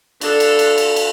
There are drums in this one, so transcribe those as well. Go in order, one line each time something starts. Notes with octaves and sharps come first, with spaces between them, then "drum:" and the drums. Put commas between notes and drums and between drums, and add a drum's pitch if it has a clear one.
D4 A4, drum: cymbal
drum: cymbal
drum: cymbal
drum: cymbal
drum: cymbal